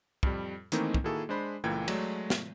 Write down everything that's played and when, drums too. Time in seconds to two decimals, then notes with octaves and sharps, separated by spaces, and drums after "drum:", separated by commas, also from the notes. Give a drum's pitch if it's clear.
0.23 F2 G3, drum: kick
0.72 D#3 E3 A3 A#3 C4 D#4, drum: hi-hat
0.94 drum: kick
1.04 D#3 A#3 E4 F#4 G#4 A4
1.29 G#3 D4 C5 B5
1.64 C#2 A#2 E3 A3 G5 G#6
1.88 F#3 G#3 A3 D5, drum: cymbal
2.30 drum: snare